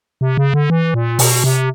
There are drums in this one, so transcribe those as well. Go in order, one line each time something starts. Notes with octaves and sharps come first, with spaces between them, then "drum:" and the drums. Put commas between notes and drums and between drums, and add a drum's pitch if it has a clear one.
C3
C#3
D3
E3
A#2
B2, drum: open hi-hat
C3